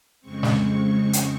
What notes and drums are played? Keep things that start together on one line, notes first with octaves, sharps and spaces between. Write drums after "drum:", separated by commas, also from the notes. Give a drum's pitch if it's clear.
F2 C#3 G#3 C4 C#6
drum: snare
drum: hi-hat